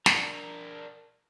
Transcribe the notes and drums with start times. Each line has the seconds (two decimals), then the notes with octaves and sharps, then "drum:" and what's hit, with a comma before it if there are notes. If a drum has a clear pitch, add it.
0.06 D4 A#4, drum: snare